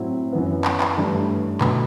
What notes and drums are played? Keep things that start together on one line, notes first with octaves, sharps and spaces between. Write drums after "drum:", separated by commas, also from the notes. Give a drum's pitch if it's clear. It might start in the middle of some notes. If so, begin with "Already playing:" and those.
Already playing: A2 F#3 C4 E4
F#2 E3 B3
drum: clap
drum: clap
G2 E3 A3 D4
B2 A3, drum: clap